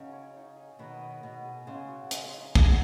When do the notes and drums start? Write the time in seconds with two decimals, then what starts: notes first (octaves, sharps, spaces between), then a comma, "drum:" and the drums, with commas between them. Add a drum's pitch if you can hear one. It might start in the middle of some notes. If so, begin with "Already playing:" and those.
Already playing: C#3 F#3 D#4 G#4
0.13 C#5
0.36 D#4
0.57 G#4
0.79 B2 D#3 B3
1.01 D#5
1.23 B2 B3
1.45 G#4
1.67 C#3 G#3
1.89 F#4
2.11 G#3, drum: hi-hat
2.34 D#4
2.55 B3, drum: kick